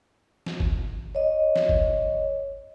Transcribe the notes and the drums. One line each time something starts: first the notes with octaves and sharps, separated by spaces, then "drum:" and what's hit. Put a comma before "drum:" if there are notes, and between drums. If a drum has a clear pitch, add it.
drum: snare
drum: kick
C#5 D#5
drum: snare
drum: kick